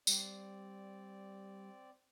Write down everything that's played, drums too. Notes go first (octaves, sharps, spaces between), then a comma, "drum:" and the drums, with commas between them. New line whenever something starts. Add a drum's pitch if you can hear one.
G3 C4 D5, drum: tambourine